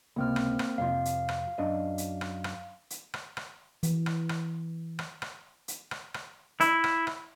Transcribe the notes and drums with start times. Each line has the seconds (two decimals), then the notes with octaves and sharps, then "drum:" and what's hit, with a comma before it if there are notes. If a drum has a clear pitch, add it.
0.16 C#2 C3 A#3 C4 F6
0.36 drum: rim click
0.59 drum: rim click
0.78 F2 C3 F3 F5
1.05 drum: hi-hat
1.29 drum: rim click
1.58 F#2 D4 D#5
1.98 drum: hi-hat
2.21 drum: rim click
2.44 drum: rim click
2.90 drum: hi-hat
3.14 drum: rim click
3.37 drum: rim click
3.83 E3, drum: hi-hat
4.06 drum: rim click
4.29 drum: rim click
4.99 drum: rim click
5.22 drum: rim click
5.68 drum: hi-hat
5.91 drum: rim click
6.14 drum: rim click
6.61 E4, drum: hi-hat
6.84 drum: rim click
7.07 drum: rim click